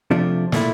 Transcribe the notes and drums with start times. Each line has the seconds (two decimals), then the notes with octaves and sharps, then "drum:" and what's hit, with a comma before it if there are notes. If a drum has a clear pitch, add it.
0.11 C3 F3 A3 D4
0.52 A#2 A3 E4, drum: snare